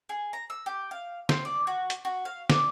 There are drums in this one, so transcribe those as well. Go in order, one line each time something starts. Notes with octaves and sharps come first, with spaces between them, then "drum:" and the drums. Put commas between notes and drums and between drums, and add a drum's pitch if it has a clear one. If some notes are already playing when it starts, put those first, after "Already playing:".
G#4
A#5
E6
G4
F5
C4, drum: snare
D5
F#4
drum: hi-hat
F#4
F5
D5, drum: snare